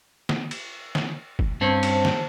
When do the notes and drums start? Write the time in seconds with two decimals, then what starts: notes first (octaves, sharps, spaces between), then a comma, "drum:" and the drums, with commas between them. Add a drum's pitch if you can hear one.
0.29 drum: snare
0.51 drum: cymbal
0.95 drum: snare
1.39 drum: kick
1.61 G2 C4 C#4 C5 A5
1.83 drum: cymbal
2.05 drum: snare